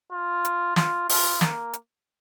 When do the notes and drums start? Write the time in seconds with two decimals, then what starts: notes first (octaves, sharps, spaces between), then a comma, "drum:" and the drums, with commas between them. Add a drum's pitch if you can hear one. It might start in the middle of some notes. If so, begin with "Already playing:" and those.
0.12 F4
0.45 drum: hi-hat
0.76 F4, drum: snare
1.09 F4, drum: open hi-hat
1.41 A#3, drum: snare
1.73 drum: hi-hat